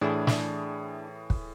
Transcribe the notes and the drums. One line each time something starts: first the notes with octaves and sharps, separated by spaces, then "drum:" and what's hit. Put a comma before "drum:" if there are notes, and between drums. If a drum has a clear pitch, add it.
A2 E3 D4 E4 G#4
drum: snare
drum: kick